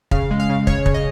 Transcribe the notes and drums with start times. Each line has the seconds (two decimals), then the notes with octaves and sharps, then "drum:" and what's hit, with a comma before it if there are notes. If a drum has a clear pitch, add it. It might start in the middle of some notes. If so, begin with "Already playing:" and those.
0.11 C#3 F5, drum: kick
0.31 G#3
0.40 F5
0.49 C#3
0.67 C#3 C#5, drum: kick
0.86 C#3, drum: kick
0.94 D#5